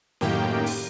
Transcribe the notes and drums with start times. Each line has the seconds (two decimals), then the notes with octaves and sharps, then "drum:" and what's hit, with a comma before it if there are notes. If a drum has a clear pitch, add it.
0.21 F#2 A2 D#3 A#3 G4 G5, drum: snare
0.66 drum: open hi-hat